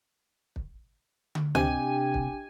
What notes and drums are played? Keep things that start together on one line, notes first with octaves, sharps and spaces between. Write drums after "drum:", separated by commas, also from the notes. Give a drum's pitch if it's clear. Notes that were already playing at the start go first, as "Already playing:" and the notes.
drum: kick
drum: tom
C3 D4 G4 G5 G#5, drum: tom C#2
drum: kick